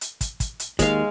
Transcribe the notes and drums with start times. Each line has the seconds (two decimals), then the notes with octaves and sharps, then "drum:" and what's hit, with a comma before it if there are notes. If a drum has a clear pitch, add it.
0.01 drum: hi-hat
0.21 drum: kick, hi-hat
0.40 drum: kick, hi-hat
0.60 drum: hi-hat
0.79 D#2 G#3 F5, drum: kick, hi-hat